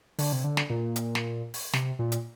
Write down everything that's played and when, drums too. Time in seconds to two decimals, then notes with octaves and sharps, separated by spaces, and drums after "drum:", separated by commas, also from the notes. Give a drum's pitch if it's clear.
0.19 D3, drum: open hi-hat
0.32 C3
0.44 D3
0.57 drum: snare
0.70 A#2
0.96 drum: hi-hat
1.15 drum: snare
1.54 drum: open hi-hat
1.73 C3, drum: snare
1.99 A#2
2.12 drum: hi-hat